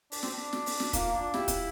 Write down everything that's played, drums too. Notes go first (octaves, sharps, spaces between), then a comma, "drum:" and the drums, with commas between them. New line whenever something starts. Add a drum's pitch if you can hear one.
D4, drum: open hi-hat
C4, drum: snare
D4
drum: snare
drum: open hi-hat
drum: snare
A#3 F4, drum: kick, hi-hat
D4
E4 G4, drum: snare
drum: kick, hi-hat